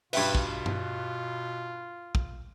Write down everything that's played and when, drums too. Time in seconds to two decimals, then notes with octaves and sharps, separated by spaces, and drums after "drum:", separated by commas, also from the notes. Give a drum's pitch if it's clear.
0.13 G2 B2 F4 B4 E5 G5 G#6, drum: cymbal
0.35 drum: kick
0.66 drum: tom G2
2.15 drum: kick